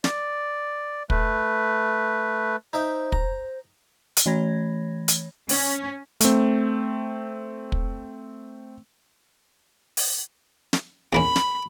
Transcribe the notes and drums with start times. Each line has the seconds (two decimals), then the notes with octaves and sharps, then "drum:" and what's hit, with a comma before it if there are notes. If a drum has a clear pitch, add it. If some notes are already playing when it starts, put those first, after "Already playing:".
0.04 D5, drum: snare
1.10 A3 B4, drum: kick
2.73 D#4 C5 E5 G5
3.12 A#5, drum: kick
4.17 drum: hi-hat
4.26 E3 A3 C#5 B5 G#6 A#6
5.08 drum: hi-hat
5.49 C#4, drum: open hi-hat
6.21 A3 C4, drum: hi-hat
7.72 drum: kick
9.97 drum: open hi-hat
10.73 drum: snare
11.13 E2 A#3 C#4 B5
11.36 drum: snare